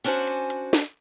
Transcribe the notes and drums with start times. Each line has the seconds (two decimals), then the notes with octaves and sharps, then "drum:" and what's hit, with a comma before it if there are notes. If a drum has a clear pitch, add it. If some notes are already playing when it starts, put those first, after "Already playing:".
0.04 C#4 D4 F#4 C5 G#5, drum: hi-hat
0.27 drum: hi-hat
0.50 drum: hi-hat
0.73 drum: snare